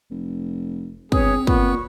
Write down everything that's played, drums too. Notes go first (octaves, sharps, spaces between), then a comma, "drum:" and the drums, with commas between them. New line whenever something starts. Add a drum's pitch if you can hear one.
F1
E1 C4 G#4 B4 C#5 D#6, drum: kick
A#2 B3 C#6, drum: kick